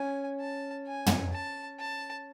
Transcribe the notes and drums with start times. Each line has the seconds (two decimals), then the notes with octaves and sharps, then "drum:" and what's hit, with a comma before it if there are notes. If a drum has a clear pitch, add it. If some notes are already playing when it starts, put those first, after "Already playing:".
Already playing: C#4 G#5
0.40 A5
0.87 G#5
1.06 drum: tom
1.32 A5
1.79 A5